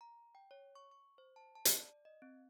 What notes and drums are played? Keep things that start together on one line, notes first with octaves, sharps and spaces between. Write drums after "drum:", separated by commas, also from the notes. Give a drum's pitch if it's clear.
A#5
G5
C#5
C#6
C#6
C5
A5
A5
drum: hi-hat
D5
D#5
C4